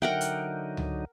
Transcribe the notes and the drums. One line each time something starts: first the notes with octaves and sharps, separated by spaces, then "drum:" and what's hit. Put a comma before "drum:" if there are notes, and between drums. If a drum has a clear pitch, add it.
D3 F#3 D#4 A#4 E5 F#5 G5 D7
drum: hi-hat
drum: tom C#2